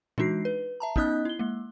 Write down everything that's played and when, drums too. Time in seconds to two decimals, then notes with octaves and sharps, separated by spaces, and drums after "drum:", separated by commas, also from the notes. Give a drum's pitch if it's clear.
0.18 E3 G#3 D4 D#4 F#4 C7, drum: tom
0.45 B4
0.80 E5 A5 A#5
0.96 B3 C#4 D#4 D#5 D#6 F#6, drum: kick
1.25 E4 G7
1.39 G#3 A#3